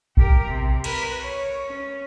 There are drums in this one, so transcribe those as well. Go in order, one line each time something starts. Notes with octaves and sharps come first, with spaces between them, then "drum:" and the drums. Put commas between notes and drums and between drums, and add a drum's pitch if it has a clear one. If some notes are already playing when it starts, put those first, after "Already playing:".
G4 A#4, drum: kick A#1
C3
A#4 B4, drum: cymbal
C#5
C#4